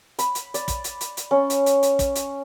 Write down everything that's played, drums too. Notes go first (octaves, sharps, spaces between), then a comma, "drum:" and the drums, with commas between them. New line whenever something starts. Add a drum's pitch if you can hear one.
B5, drum: hi-hat
drum: hi-hat
D5, drum: hi-hat
drum: kick, hi-hat
drum: hi-hat
drum: hi-hat
drum: hi-hat
C#4
drum: hi-hat
drum: hi-hat
drum: hi-hat
drum: kick, hi-hat
drum: hi-hat